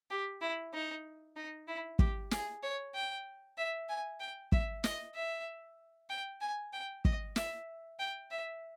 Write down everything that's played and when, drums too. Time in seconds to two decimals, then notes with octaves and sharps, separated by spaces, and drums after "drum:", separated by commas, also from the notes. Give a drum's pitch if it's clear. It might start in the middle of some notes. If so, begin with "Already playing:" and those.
0.11 G4
0.41 E4
0.73 D#4
1.36 D#4
1.68 E4
1.99 G4, drum: kick
2.31 G#4, drum: snare
2.63 C#5
2.95 G5
3.58 E5
3.89 G#5
4.20 G5
4.52 E5, drum: kick
4.84 D#5, drum: snare
5.15 E5
6.10 G5
6.41 G#5
6.73 G5
7.05 D#5, drum: kick
7.36 E5, drum: snare
7.99 G5
8.31 E5